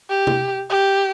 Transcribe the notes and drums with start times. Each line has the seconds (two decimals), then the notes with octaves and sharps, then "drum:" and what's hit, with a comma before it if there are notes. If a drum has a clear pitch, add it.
0.10 G4
0.27 drum: tom C3
0.70 G4